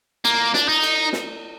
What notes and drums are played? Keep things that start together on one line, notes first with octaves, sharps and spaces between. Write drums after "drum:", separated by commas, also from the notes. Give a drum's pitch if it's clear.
A#3, drum: cymbal
D4, drum: snare
D#4
drum: cymbal
drum: snare